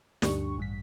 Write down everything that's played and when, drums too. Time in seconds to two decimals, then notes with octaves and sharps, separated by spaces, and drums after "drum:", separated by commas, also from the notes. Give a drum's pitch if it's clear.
0.22 D2 G2 D4 G4 C#6, drum: snare
0.57 A1 G2 B6